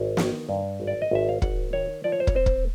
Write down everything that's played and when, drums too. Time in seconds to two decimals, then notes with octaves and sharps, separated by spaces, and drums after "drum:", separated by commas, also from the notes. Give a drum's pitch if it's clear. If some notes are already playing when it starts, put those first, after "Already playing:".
Already playing: G#1
0.17 D#3, drum: snare
0.49 G2
0.80 G#1
0.87 D5
1.02 D#5
1.11 G#1 E5
1.29 F5
1.42 G#1 F#5, drum: kick
1.73 D#3 C#5
2.04 F3 D5
2.12 C#5
2.20 C5
2.27 C#5, drum: kick
2.35 C4 C5
2.46 drum: kick